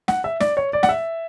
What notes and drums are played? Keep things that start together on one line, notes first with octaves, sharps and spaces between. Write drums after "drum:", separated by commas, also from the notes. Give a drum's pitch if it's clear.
F#5, drum: snare
E5
D5, drum: snare
C#5
D5
F#5, drum: snare
E5